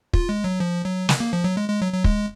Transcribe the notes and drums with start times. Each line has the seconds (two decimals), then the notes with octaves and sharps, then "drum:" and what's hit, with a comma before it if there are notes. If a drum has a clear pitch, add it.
0.13 F4, drum: kick
0.29 G#3
0.44 F#3
0.60 F3
0.85 F#3
1.09 drum: snare
1.20 A#3
1.33 F3
1.44 F#3
1.57 G#3
1.69 G#3
1.81 F#3
1.93 F#3
2.04 G#3, drum: kick